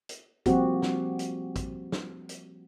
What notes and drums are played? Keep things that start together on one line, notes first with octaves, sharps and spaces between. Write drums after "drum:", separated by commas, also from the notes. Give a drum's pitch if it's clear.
drum: hi-hat
F3 G3 A#3 C4 F#4 G4, drum: kick, hi-hat
drum: snare
drum: hi-hat
drum: kick, hi-hat
drum: snare
drum: hi-hat